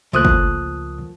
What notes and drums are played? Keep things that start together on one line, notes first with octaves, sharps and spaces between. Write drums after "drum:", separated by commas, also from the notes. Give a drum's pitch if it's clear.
C#2 F3 A3 A#3 D#6 F#6
drum: kick